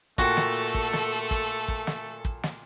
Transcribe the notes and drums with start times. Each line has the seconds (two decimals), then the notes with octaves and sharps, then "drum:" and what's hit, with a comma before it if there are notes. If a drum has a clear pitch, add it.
0.18 A#2 A3 A#3 F#4 A4 G5, drum: kick
0.37 drum: snare
0.74 drum: kick
0.93 drum: snare
1.31 drum: kick
1.68 drum: kick
1.87 drum: snare
2.25 drum: kick
2.43 drum: snare